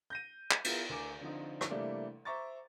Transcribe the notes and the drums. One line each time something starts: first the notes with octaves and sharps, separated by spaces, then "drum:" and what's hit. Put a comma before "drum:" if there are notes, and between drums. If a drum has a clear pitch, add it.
G6 A#6 D#7
drum: clap
B3 E4 F4 G#4 A#4, drum: cymbal
D2 A#4 G#5 D6
D3 F3 C4 D#4
drum: rim click
C3 E3 G3 A3 A#3 D4
C5 E5 A#5 C#6 D6 A6